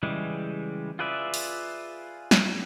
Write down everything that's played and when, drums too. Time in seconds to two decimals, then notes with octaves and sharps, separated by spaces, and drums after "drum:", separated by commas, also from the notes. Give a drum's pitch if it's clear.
0.03 C#3 E3 G3 G#3
0.99 F4 G#4 B4 D5 E5
1.34 drum: open hi-hat
2.31 drum: snare